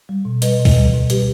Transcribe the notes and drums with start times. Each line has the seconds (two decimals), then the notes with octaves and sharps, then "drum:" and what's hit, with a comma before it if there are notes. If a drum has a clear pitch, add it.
0.09 G3
0.25 B2
0.42 G3 B4 D#5, drum: hi-hat
0.60 B2
0.65 B4 D#5, drum: kick C2, open hi-hat
0.76 G3
0.93 B2
1.10 G3 G4 B4, drum: hi-hat